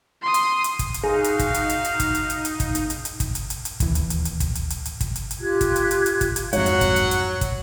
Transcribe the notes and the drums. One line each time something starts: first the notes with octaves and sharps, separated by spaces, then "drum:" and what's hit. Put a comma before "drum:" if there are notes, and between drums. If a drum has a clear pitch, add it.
C6 D#6
drum: hi-hat
drum: hi-hat
drum: kick, hi-hat
drum: hi-hat
D#4 F#4 G#4 F5
drum: hi-hat
drum: kick, hi-hat
drum: hi-hat
drum: hi-hat
drum: hi-hat
drum: kick, hi-hat
drum: hi-hat
drum: hi-hat
drum: hi-hat
drum: kick, hi-hat
drum: hi-hat
drum: hi-hat
drum: hi-hat
drum: kick, hi-hat
drum: hi-hat
drum: hi-hat
drum: hi-hat
D1 D#2 E3, drum: kick, hi-hat
drum: hi-hat
drum: hi-hat
drum: hi-hat
drum: kick, hi-hat
drum: hi-hat
drum: hi-hat
drum: hi-hat
drum: kick, hi-hat
drum: hi-hat
drum: hi-hat
F4 G4 F#6 G#6
drum: kick, hi-hat
drum: hi-hat
drum: hi-hat
drum: hi-hat
drum: kick, hi-hat
drum: hi-hat
F2 G#2 F#3 C#5 F#5, drum: hi-hat
drum: hi-hat
drum: kick, hi-hat
drum: hi-hat
drum: hi-hat
drum: kick, hi-hat